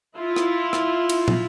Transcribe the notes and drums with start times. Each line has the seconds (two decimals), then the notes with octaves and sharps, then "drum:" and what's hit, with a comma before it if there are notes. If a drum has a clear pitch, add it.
0.18 E4 F4
0.36 drum: rim click
0.73 drum: rim click
1.09 drum: cymbal
1.28 drum: tom